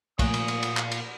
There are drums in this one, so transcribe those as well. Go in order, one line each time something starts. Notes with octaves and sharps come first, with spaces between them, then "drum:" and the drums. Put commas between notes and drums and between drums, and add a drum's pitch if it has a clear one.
A#2 F3 A3 A#3 F5 G#5 D#6, drum: kick, cymbal
drum: cymbal
drum: cymbal
drum: cymbal
drum: clap
drum: cymbal